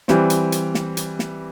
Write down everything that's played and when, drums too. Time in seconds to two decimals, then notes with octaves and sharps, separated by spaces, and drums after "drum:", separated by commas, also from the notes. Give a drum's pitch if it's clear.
0.08 E3 G3 C4, drum: snare
0.30 drum: hi-hat
0.52 drum: hi-hat
0.75 drum: snare
0.97 drum: hi-hat
1.19 drum: snare